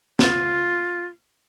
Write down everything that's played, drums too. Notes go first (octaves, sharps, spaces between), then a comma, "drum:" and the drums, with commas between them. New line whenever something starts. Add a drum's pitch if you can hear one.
F4, drum: snare